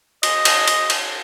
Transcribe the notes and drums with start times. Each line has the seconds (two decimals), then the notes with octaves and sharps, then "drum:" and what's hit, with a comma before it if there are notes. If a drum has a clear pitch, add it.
0.23 D#5, drum: cymbal
0.45 drum: cymbal
0.68 drum: cymbal
0.90 drum: cymbal